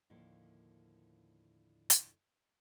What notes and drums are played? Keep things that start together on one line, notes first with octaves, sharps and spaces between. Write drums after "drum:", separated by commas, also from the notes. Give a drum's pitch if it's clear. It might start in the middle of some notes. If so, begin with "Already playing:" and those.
D#2 A2 D3 F3 A#3
drum: hi-hat